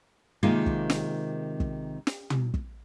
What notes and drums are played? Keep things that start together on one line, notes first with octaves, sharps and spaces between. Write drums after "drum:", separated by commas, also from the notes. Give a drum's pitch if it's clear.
C3 D#3 G#3 A#3 D#4 F4
drum: kick
drum: snare
drum: kick
drum: snare
drum: tom
drum: kick